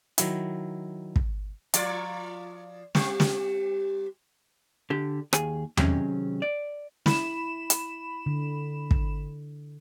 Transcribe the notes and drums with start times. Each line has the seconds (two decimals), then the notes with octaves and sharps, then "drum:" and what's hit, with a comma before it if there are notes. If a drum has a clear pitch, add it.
0.18 D#3 F#3 E4, drum: hi-hat
1.16 drum: kick
1.74 F3 F4 D5, drum: hi-hat
2.95 G3 C4 G4, drum: snare
3.20 drum: snare
4.90 D3 G4
5.33 D#2 G#4 G#5, drum: rim click
5.77 C3 D#3 F#3 G#3 C4 C#4, drum: tom E2
6.42 D5
7.06 E4 B5 E7, drum: snare
7.70 drum: hi-hat
8.26 D3
8.91 drum: kick